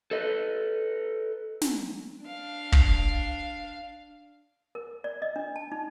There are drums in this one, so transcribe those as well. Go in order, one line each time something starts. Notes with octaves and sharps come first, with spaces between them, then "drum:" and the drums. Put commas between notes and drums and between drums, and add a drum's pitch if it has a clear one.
A4 B4 D#5
drum: snare
D4 F5
drum: kick
A#4
D5
D#5
D4
A5
D#4